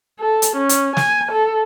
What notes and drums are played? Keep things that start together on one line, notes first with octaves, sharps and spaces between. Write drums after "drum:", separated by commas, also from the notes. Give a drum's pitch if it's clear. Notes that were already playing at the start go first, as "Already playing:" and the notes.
A4
drum: hi-hat
C#4
drum: hi-hat
G#5, drum: snare
A4